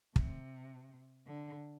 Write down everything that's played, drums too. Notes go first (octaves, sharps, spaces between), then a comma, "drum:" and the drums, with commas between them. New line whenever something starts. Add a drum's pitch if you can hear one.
C3, drum: kick
D3